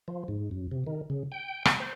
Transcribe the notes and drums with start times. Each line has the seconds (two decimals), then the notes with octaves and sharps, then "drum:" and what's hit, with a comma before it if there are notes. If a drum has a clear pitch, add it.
0.08 F3
0.28 G#2
0.51 F#2
0.71 C3
0.87 D#3
1.10 C#3
1.32 G5
1.65 drum: rim click
1.80 C5